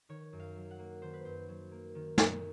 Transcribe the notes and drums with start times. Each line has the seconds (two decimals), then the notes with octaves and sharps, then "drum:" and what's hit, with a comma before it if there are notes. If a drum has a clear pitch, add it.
0.09 D#3 C#5
0.33 F#2
0.40 F5
0.56 F#3
0.71 F#5
0.79 A#3
1.02 D#3 C5
1.14 B4
1.25 F#2 C5
1.48 F#3
1.71 A#3
1.95 D#3
2.18 F#2, drum: snare